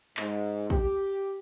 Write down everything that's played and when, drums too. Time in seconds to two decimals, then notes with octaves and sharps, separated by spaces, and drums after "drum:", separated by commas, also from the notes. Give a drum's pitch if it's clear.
0.17 G#2, drum: clap
0.70 G4, drum: kick